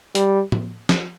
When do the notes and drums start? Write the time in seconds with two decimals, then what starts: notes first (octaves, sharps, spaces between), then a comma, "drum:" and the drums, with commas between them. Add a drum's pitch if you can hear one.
0.15 G3, drum: hi-hat
0.52 drum: tom A2
0.89 drum: snare